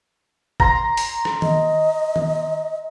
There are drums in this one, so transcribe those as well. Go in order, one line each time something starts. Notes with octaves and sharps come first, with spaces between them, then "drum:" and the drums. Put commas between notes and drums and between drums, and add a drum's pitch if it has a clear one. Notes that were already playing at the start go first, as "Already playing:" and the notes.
A#5 C6, drum: kick
drum: open hi-hat
drum: rim click
D#5, drum: tom D#3
drum: tom D#3